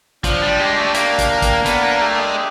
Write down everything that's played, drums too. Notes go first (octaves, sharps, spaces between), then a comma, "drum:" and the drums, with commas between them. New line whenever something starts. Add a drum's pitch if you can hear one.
F3 D4, drum: kick, hi-hat
G3
G#3 G4
A3
A#3 D4, drum: hi-hat
drum: kick, hi-hat
A#4
drum: kick, hi-hat
B3 D4, drum: hi-hat
A#3
A3 G4
G#3